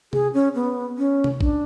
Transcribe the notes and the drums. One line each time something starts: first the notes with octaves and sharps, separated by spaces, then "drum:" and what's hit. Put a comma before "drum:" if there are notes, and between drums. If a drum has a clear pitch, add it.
G#4, drum: tom C3
C#4
B3
C#4
drum: tom C3
D4, drum: kick A1